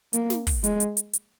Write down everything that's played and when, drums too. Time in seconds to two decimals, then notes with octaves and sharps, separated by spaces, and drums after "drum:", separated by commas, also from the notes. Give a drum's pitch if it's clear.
0.13 A#3, drum: hi-hat
0.30 drum: snare
0.47 drum: kick, open hi-hat
0.64 G#3, drum: hi-hat
0.80 drum: hi-hat
0.97 drum: hi-hat
1.13 drum: hi-hat